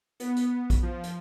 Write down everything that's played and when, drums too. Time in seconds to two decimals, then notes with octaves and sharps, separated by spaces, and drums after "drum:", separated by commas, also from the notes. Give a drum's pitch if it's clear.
0.20 B3, drum: hi-hat
0.36 drum: hi-hat
0.70 drum: kick A#1, hi-hat
0.82 F3
1.03 drum: hi-hat